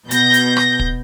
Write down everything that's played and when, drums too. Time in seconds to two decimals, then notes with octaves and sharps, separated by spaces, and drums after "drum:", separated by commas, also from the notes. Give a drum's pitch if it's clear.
0.11 B2 G6 A#6, drum: hi-hat
0.34 drum: hi-hat
0.57 drum: rim click
0.79 drum: kick